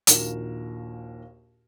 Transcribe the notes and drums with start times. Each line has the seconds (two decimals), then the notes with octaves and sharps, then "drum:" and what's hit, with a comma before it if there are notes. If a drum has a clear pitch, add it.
0.07 A#1 D#2 A#2 F#4 A#4 E7, drum: hi-hat